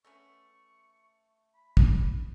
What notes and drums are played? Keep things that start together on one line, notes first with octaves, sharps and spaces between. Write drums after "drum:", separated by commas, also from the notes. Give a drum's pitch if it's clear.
A3 B3 C#4 C#6
B5
drum: kick